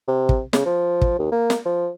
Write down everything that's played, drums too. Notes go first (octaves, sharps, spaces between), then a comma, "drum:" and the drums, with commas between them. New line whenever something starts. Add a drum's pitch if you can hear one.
C3
drum: kick
C#3, drum: snare
F3
drum: kick
D#2
A#3
drum: snare
F3